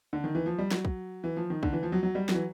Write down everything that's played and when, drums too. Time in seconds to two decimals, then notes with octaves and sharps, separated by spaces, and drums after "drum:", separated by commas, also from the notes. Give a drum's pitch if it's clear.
0.13 D3
0.24 D#3
0.35 E3
0.46 F3
0.58 G3
0.71 F#3, drum: snare
0.85 drum: kick
1.24 E3
1.37 F3
1.50 D#3
1.63 D3, drum: kick
1.73 E3
1.83 F3
1.92 F#3
2.03 F#3
2.15 G3
2.29 F#3, drum: snare
2.34 E3